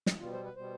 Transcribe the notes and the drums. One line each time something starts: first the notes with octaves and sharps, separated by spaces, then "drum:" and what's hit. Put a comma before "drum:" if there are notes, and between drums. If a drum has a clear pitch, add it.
drum: snare
B2 G3 B3 F4
C5
B4
B2 G3 B3 C5